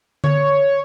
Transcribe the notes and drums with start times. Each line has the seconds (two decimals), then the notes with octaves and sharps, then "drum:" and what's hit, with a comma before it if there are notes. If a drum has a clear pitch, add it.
0.24 C#5, drum: tom D3